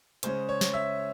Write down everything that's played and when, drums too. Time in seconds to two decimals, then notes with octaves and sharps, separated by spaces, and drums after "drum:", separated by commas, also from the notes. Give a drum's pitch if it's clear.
0.23 C#3 G#3 C#4 C5, drum: hi-hat
0.49 C#5
0.61 drum: snare
0.73 E5